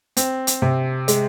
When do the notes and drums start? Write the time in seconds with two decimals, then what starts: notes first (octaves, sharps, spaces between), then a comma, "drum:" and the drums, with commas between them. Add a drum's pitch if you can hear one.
0.17 C4, drum: hi-hat
0.47 drum: hi-hat
0.62 C3
1.08 G#3, drum: hi-hat